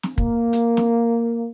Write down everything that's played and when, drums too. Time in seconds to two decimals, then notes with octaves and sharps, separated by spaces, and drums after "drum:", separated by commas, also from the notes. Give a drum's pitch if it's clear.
0.03 drum: snare
0.18 A#3, drum: kick
0.53 drum: hi-hat
0.77 drum: snare